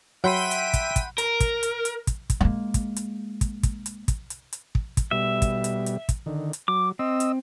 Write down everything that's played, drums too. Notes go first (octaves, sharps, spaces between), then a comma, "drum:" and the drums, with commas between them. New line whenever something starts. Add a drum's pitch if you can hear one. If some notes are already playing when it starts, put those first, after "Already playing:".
F#3 E5 F#5 G5 B5 C6 B6 D#7
drum: hi-hat
drum: kick, hi-hat
drum: kick, hi-hat
A#4, drum: hi-hat
drum: kick, hi-hat
drum: hi-hat
drum: hi-hat
drum: kick, hi-hat
drum: kick, hi-hat
G#3 A#3
drum: kick, hi-hat
drum: hi-hat
drum: kick, hi-hat
drum: kick, hi-hat
drum: hi-hat
drum: kick, hi-hat
drum: hi-hat
drum: hi-hat
drum: kick
drum: kick, hi-hat
B2 G3 E5
drum: kick, hi-hat
drum: hi-hat
drum: hi-hat
drum: kick, hi-hat
D3 D#3
drum: hi-hat
F#3 D6
C4 D#5 E6
drum: hi-hat